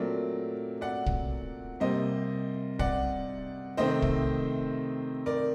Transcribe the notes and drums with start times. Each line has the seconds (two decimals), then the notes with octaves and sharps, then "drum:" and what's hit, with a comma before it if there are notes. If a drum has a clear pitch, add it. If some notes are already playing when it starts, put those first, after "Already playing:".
Already playing: A#2 F#3 A3 C4 A#4 D5
0.81 D5 F#5
1.06 drum: kick
1.80 C3 G3 A#3 C5 D#5
2.79 D5 F#5, drum: kick
3.77 C3 D#3 A3 C4 C5 D#5
4.02 drum: kick
5.26 A#4 D5